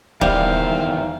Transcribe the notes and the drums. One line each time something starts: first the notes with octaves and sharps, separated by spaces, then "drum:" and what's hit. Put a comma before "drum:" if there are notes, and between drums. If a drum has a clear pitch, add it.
E2 D#3 G3 C5 E5 F5, drum: kick D#1